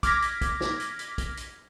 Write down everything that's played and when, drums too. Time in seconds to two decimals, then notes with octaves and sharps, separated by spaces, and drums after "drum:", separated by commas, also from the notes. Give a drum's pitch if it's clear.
0.03 D6 F6 G#6 A#6 B6, drum: kick, hi-hat
0.22 drum: hi-hat
0.41 drum: kick, hi-hat
0.61 drum: snare
0.80 drum: hi-hat
0.99 drum: hi-hat
1.18 drum: kick, hi-hat
1.37 drum: hi-hat